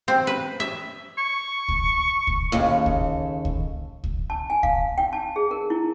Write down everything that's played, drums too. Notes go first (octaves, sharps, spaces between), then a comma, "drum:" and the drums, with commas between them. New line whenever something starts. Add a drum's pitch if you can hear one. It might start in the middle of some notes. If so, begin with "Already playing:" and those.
C4
B4
E5
C#6
drum: kick C#2
drum: kick C#2
D#2 C#3 A4
drum: kick C#2
drum: kick C#2
drum: kick C#2
A5
G#5
F5, drum: kick C#2
G5
A5
G#4
A#4
E4